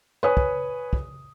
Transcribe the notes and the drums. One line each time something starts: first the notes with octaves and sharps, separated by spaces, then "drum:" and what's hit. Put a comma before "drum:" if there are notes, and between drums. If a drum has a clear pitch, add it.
B4 C#5 G#5 D#6
drum: kick
drum: kick